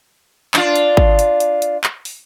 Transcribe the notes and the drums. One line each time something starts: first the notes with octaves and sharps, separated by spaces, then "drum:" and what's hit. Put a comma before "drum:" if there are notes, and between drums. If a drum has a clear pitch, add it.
D4 F4, drum: clap
drum: hi-hat
drum: kick G#1
drum: hi-hat
drum: hi-hat
drum: hi-hat
drum: clap
drum: open hi-hat